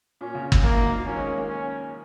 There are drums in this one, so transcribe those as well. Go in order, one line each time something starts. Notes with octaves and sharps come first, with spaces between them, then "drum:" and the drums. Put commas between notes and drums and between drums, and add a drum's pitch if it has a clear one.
A#2 C#4
C#3
A#2
drum: kick
F#2 A#3
G#2
G#2
A#2
D#3 C#4
G#3
A#3
A#3
C#4